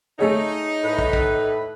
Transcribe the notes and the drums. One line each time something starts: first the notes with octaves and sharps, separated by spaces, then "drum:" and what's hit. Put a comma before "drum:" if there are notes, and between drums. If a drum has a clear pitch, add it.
A3 D#4 G#4 C#5
A2 B4
drum: kick
drum: kick